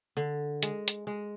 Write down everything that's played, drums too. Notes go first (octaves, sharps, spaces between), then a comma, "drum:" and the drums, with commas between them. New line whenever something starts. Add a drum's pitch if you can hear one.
D3
G#3, drum: hi-hat
drum: hi-hat
G#3